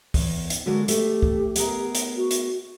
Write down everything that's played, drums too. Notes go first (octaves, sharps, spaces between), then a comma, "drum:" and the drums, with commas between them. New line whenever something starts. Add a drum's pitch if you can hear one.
E2, drum: kick, open hi-hat
drum: hi-hat
D3 G#3 A#3 F#4
A3 G4, drum: hi-hat
drum: kick
B3 G#4 A#4, drum: hi-hat
drum: hi-hat
F#4
drum: hi-hat